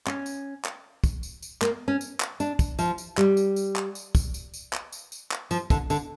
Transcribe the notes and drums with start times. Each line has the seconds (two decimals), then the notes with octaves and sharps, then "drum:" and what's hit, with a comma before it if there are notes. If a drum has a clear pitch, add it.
0.07 C#4, drum: clap
0.26 drum: tambourine
0.65 drum: clap
1.04 drum: kick, tambourine
1.23 drum: tambourine
1.42 drum: tambourine
1.62 A#3, drum: clap
1.88 C#4
2.01 drum: tambourine
2.20 drum: clap
2.40 D4, drum: tambourine
2.59 drum: kick, tambourine
2.79 F3, drum: tambourine
2.98 drum: tambourine
3.17 G3, drum: clap
3.37 drum: tambourine
3.56 drum: tambourine
3.76 drum: clap
3.95 drum: tambourine
4.15 drum: kick, tambourine
4.34 drum: tambourine
4.54 drum: tambourine
4.73 drum: clap
4.92 drum: tambourine
5.12 drum: tambourine
5.31 drum: clap
5.51 F3, drum: tambourine
5.70 D3, drum: kick, tambourine
5.90 D3, drum: tambourine